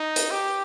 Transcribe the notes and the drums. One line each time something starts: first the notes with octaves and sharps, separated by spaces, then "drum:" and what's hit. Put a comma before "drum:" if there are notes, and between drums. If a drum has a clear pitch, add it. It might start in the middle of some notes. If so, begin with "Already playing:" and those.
Already playing: D#4
drum: hi-hat
G4